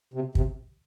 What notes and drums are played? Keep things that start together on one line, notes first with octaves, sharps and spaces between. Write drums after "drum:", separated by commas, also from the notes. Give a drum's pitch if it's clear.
C3
C3, drum: kick